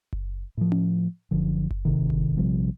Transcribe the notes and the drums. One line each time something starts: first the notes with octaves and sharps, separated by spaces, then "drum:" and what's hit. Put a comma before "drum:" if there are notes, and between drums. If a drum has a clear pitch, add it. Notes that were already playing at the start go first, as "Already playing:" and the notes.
drum: kick F#1
A2 F3
drum: tom C#4
F#1 D3 F3
drum: kick F#1
G#1 C3 D#3
drum: kick F#1
A#1 C3 F3 G3